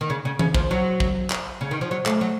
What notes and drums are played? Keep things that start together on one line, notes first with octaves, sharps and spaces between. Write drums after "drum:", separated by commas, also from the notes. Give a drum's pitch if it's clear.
D#3
C#3
C#3
C#3, drum: tom E3
F3, drum: kick
F#3
drum: kick
drum: clap
C#3
D#3
F3
F#3
A3, drum: clap
F#3